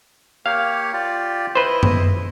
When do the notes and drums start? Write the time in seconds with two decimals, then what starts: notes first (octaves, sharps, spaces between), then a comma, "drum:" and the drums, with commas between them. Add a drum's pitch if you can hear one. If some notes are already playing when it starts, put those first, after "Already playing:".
0.46 A#3 G4 C#5 F5
0.93 F4 G4 D5
1.55 E4 B4 C5 D#5
1.83 drum: tom F#2